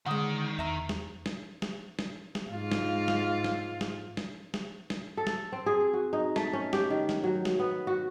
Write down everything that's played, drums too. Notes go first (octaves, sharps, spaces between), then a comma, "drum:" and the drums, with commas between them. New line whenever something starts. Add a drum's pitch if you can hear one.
D3 D#3 G#3 F#5 D#6
E2 E5 A#5
drum: snare
drum: snare
drum: snare
drum: snare
drum: snare
G#2 F4
drum: snare
drum: snare
drum: snare
drum: snare
drum: snare
drum: snare
drum: snare
A4
drum: snare
C4
G#4
F#4
D#4
A3, drum: snare
C#4
G4, drum: snare
D#3
drum: snare
F#3
drum: snare
B3
F#4